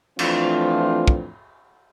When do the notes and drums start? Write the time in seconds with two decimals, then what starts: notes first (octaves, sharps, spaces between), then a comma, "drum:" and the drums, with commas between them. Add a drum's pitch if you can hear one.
0.19 E3 F3 A3 C4 D4 F4, drum: cymbal
1.08 drum: kick